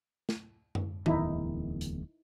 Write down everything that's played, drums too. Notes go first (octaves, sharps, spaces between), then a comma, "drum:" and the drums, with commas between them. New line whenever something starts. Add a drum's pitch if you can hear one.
drum: snare
drum: tom F#2
D1 E2 D#3 D#4 E4, drum: tom D#3
drum: hi-hat